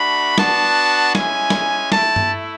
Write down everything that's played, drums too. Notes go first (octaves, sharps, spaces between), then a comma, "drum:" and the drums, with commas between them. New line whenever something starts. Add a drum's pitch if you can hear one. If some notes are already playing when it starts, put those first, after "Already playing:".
Already playing: A3 D4 F#4 B5
B3 D4 F#4 A5, drum: snare
G#3 C#4 E4 G#5, drum: snare
drum: snare
A3 E4 A5, drum: snare
drum: tom G2